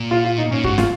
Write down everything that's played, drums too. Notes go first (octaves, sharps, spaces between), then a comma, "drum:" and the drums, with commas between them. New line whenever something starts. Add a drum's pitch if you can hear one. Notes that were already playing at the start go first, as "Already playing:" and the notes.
Already playing: A#2
F4
F4
D#4
A#2 C#4
G#2 F#4, drum: kick
F4, drum: snare